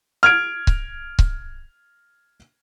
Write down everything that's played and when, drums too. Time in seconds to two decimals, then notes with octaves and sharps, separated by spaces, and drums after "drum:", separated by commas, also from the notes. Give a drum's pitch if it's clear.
0.23 F6 G#6 D7
0.67 drum: kick C#1
1.19 drum: kick C#1